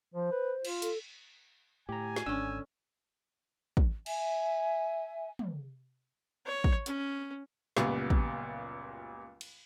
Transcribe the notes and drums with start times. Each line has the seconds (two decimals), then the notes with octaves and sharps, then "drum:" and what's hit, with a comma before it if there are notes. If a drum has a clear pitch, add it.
0.14 F3 C5
0.32 B4
0.65 F4, drum: cymbal
0.82 A4, drum: hi-hat
1.89 A2 G4 G#5 A#5
2.16 drum: snare
2.26 G#1 D3 C#4 E6
3.77 drum: kick
4.06 E5 G#5, drum: cymbal
5.39 drum: tom
6.46 C#5
6.64 drum: kick
6.86 C#4, drum: hi-hat
7.77 C#2 F#2 A#2 G3 B3, drum: snare
8.10 drum: kick
9.41 drum: cymbal